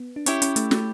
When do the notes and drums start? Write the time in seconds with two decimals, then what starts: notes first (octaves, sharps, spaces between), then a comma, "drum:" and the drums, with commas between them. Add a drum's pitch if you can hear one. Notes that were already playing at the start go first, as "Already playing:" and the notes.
Already playing: B3
0.16 D4
0.26 C#4 E4 G4 C#5, drum: hi-hat
0.42 C#4, drum: hi-hat
0.56 A3, drum: hi-hat
0.71 A3, drum: snare